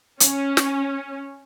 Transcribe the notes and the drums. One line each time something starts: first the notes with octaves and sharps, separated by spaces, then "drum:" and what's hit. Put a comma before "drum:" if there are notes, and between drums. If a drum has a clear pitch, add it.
C#4, drum: hi-hat
drum: snare